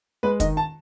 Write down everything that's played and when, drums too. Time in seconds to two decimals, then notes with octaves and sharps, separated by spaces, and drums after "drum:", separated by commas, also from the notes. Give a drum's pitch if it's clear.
0.23 G#3 B4
0.40 D#3 D#5, drum: kick, hi-hat
0.57 A5